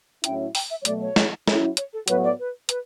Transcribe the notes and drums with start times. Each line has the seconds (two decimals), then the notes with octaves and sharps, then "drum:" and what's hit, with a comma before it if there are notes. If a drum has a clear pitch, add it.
0.24 A2 F#3 C#4 E4 G5, drum: hi-hat
0.55 G5, drum: open hi-hat
0.70 E5
0.81 C#5
0.85 B2 F#3 A3 D5, drum: hi-hat
1.01 C#5
1.16 drum: snare
1.48 F#3 C#4 E4, drum: snare
1.77 C#5, drum: hi-hat
1.93 A4
2.08 A2 F#3 B3 F#4 B4 C#5, drum: hi-hat
2.24 D5
2.39 B4
2.69 B4, drum: hi-hat